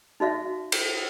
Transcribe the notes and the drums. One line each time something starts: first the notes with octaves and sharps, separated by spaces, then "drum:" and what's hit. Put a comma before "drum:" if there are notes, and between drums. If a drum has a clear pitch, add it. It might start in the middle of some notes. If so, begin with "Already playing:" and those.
D#4 F#4 E5 F5
drum: cymbal